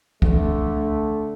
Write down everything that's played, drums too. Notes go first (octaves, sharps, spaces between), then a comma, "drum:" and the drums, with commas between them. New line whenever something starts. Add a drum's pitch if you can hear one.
D3 A3, drum: kick